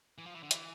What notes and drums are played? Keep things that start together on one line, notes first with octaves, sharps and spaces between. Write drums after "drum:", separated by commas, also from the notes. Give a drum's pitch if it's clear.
E3
F3
E3
D3
E3, drum: hi-hat